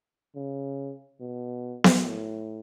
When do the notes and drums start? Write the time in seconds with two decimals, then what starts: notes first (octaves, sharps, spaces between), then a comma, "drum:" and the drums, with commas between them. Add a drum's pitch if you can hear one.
0.35 C#3
1.21 B2
1.84 drum: snare B3
2.04 A2